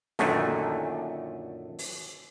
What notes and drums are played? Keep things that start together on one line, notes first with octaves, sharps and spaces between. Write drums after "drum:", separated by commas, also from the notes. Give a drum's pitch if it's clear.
F#2 A#2 D3 D#3 A3, drum: snare
drum: open hi-hat